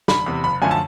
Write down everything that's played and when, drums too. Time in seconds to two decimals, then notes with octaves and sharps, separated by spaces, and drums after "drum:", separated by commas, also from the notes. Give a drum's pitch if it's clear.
0.08 E1 B5, drum: snare
0.26 E2 C3
0.44 F#1 B5
0.62 F#2 D3 F3 A3 G#5
0.71 A5